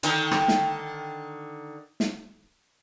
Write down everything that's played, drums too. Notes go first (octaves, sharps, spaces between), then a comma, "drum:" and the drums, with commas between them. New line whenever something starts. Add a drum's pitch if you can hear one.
D3 D#3, drum: hi-hat
drum: rim click
drum: snare
drum: snare